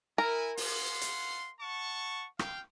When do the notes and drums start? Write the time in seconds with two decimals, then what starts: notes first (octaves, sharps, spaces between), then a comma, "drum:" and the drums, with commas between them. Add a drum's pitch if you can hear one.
0.18 E4 A#4 G#5
0.57 F5 F#5 C6, drum: open hi-hat
1.01 drum: hi-hat
1.60 F#5 A5 C#6
2.39 F5 G5, drum: rim click